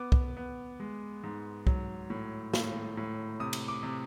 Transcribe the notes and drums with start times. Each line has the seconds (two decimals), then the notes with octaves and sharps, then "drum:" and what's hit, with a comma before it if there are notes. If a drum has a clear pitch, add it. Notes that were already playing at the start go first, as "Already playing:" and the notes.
Already playing: B3 D6
0.12 drum: kick
0.37 B3
0.80 G#3
1.24 G#2
1.67 F#3, drum: kick
2.10 A2
2.54 A2, drum: snare
2.97 A2
3.40 C3 D#6
3.53 drum: cymbal
3.68 D6
3.83 C3